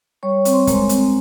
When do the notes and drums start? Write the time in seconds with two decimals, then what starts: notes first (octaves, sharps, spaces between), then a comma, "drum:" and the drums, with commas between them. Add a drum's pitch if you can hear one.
0.23 G3 C#5 C#6
0.45 C4, drum: hi-hat
0.52 C5 C6
0.67 G#3 A#4 A#5, drum: kick, hi-hat
0.89 C4, drum: hi-hat